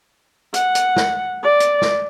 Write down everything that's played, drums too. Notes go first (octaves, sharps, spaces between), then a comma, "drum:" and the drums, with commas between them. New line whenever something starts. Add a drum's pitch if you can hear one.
F#5, drum: hi-hat
drum: hi-hat
drum: snare
D5
drum: hi-hat
drum: snare